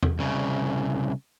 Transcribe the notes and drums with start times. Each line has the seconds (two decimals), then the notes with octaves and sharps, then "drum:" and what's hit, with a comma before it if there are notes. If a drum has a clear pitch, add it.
0.03 drum: tom E2
0.19 C2 C#3